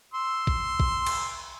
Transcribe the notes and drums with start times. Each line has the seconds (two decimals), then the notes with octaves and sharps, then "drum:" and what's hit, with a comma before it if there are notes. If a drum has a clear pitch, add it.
0.14 C6 E6
0.47 drum: kick A1
0.80 drum: kick A1
1.07 drum: cymbal